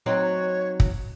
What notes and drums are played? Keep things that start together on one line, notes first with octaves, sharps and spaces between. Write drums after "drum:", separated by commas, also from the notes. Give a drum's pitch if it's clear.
F#3 C4 D#4 C#5
drum: kick